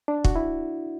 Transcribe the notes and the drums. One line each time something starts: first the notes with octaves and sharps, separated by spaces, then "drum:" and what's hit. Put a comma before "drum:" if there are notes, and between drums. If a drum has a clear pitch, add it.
D4
F#4, drum: kick
E4